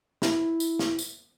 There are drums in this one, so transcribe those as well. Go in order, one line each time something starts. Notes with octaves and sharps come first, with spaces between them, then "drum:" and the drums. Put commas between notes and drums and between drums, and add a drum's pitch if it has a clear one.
E4, drum: snare
drum: tambourine
drum: snare
drum: tambourine